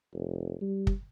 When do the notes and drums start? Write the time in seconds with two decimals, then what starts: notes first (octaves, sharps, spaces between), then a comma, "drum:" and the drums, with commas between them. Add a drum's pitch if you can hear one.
0.14 F1
0.61 G3
0.87 drum: kick